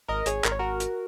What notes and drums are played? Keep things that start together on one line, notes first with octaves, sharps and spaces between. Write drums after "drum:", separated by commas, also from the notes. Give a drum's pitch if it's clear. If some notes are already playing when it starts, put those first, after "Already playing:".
G#1 A#4 D#5
G#1 G#4 C#5, drum: hi-hat
G#1 A#4, drum: clap
C#5
F#4 A#4
drum: hi-hat